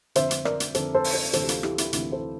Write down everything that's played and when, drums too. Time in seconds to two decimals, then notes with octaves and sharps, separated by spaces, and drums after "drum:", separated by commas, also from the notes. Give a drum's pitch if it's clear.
0.15 F2 D3 C5 E5, drum: hi-hat
0.31 drum: hi-hat
0.45 A#4 D5, drum: rim click
0.60 drum: hi-hat
0.75 F2 D3 A4 C5, drum: hi-hat
0.95 A4 C5
1.04 drum: open hi-hat
1.14 A4 C5
1.33 D2 C3 E3 A4 C5, drum: hi-hat
1.42 G4
1.49 F4 A4, drum: hi-hat
1.63 E4 G4, drum: rim click
1.78 E4 G4, drum: hi-hat
1.93 D2 C3 E3 E4, drum: hi-hat
2.12 A4 C5